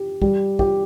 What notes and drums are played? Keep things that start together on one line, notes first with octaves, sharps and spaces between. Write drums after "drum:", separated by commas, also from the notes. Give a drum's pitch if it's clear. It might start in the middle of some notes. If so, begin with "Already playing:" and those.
Already playing: G4
G3, drum: kick
G4, drum: kick